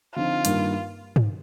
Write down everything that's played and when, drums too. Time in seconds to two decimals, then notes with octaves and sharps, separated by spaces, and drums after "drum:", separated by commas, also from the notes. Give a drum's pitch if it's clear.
0.16 D3 F3 C4 D#4 F4
0.45 G2 D#3 G3 A#3, drum: hi-hat
1.16 drum: tom